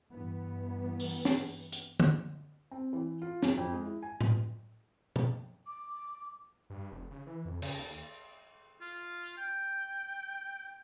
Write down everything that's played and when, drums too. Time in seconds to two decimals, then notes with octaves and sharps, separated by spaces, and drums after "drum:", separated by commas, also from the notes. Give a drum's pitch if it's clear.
0.11 G2 E3 B3
1.00 drum: open hi-hat
1.25 drum: snare
1.72 drum: hi-hat
2.00 drum: tom
2.71 C4
2.93 E3
3.22 F4
3.43 F#2, drum: snare
3.58 F2
3.72 G#3
3.85 E4
4.02 G#5
4.21 G1, drum: tom A2
5.16 drum: tom
5.67 D6
6.70 G2
6.92 F1
7.11 C#3
7.27 E3
7.45 F2
7.62 C#3, drum: cymbal
7.78 D#2
8.81 F4
9.37 G5